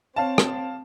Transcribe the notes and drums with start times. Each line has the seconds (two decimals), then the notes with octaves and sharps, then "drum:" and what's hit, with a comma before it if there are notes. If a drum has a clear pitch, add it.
0.16 C4 C#5 F5 A5
0.38 drum: rim click